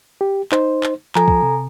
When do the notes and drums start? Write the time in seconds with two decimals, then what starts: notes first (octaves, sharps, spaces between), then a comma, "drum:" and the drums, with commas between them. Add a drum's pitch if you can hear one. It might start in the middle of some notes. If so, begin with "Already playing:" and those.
0.21 G4
0.52 D#4 C5, drum: clap
0.83 drum: clap
1.15 F3 A4 G#5 A#5, drum: clap
1.28 drum: kick
1.43 C3